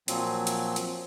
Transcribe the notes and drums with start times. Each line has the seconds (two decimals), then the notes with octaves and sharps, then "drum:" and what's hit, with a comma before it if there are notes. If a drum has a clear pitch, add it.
0.08 A#2 F3 F#3 C4, drum: hi-hat
0.47 drum: hi-hat
0.76 drum: hi-hat